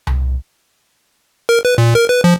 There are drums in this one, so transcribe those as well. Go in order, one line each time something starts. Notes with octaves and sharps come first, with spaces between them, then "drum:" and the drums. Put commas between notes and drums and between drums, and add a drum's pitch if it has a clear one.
drum: tom C2
A#4
B4
A#2
A#4
B4
F3